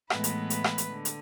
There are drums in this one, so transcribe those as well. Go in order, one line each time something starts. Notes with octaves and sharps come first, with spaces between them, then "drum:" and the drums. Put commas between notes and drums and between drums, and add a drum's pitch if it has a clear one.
A2 E3 G#3 B3 B4, drum: rim click
drum: hi-hat
B4, drum: hi-hat
drum: rim click
drum: hi-hat
D3
drum: hi-hat